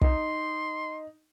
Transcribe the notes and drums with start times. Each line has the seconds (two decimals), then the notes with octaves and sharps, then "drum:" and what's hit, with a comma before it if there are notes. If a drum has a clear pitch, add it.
0.01 D#4 C6, drum: kick